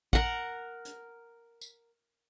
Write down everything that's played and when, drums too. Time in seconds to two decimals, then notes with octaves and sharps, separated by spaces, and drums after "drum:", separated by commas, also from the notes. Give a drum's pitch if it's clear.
0.13 A#4 F#5, drum: kick
0.85 drum: hi-hat
1.61 drum: tambourine